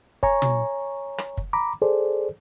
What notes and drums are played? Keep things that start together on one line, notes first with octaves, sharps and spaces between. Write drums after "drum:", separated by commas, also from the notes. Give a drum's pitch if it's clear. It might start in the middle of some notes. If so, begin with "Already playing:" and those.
C#5 G#5 A#5 C#6, drum: kick
drum: tom
drum: rim click
drum: kick
A#5 B5 D6
G#4 A4 C5 D5